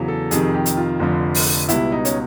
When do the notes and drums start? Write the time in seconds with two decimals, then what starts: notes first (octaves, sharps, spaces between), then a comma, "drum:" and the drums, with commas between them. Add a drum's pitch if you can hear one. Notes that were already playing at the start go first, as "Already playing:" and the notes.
Already playing: E2 C#3 F#3
0.08 A4
0.31 F2 C3 D#3 G#4, drum: hi-hat
0.54 G4
0.66 drum: hi-hat
0.77 F4
1.00 F1 F2 D3
1.35 drum: open hi-hat
1.69 C#2 B2 G3 E4, drum: hi-hat
1.92 D#4
2.05 C#4, drum: hi-hat